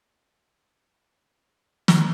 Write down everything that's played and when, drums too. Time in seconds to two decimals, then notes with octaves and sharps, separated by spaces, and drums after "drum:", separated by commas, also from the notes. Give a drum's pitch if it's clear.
0.25 D3 D#3 F#3 G3 C#4 D4
1.88 drum: snare